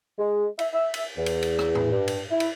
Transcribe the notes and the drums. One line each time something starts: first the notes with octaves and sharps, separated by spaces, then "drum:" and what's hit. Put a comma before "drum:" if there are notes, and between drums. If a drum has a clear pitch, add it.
G#3
E5, drum: cymbal
E5
drum: cymbal
E2
drum: cymbal
drum: cymbal
drum: rim click
drum: tom A2
G2
drum: cymbal
E4
drum: cymbal